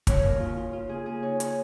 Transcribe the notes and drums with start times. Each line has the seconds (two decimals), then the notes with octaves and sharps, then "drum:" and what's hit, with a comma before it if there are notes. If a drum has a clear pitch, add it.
0.07 A#3 C#5, drum: kick, hi-hat
0.23 D#2 A#4
0.40 C#3 F4
0.56 C#3 F4
0.73 C#3 F4
0.89 A#3 G#4
1.06 C#3 G#4
1.23 D#4 C#5
1.40 C#5, drum: hi-hat